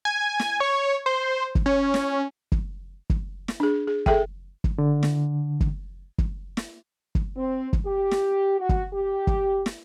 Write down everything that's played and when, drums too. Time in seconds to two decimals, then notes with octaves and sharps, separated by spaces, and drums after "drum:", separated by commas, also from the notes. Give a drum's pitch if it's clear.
0.05 G#5
0.39 drum: snare
0.60 C#5
1.06 C5
1.55 drum: kick
1.66 C#4
1.94 drum: snare
2.52 drum: kick
3.10 drum: kick
3.48 drum: snare
3.60 D4 G#4
3.88 G#4
4.06 G#4 A4 E5 G5, drum: kick
4.64 drum: kick
4.78 D3
5.03 drum: snare
5.61 drum: kick
6.18 drum: kick
6.57 drum: snare
7.15 drum: kick
7.36 C4
7.73 drum: kick
7.86 G4
8.11 drum: snare
8.60 F#4
8.69 drum: kick
8.93 G4
9.27 drum: kick
9.66 drum: snare